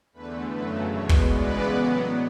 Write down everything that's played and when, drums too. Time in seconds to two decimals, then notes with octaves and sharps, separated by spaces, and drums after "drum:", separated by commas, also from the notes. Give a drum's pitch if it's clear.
0.13 E2 D3 A3 B4
0.52 F#2 C#3 F#3 A3 B4
0.90 E2 B2 G#3 B3 C#5
1.09 drum: kick
1.29 C#3 E3 G#3 B3 B4 D5
1.67 A2 F#3 B3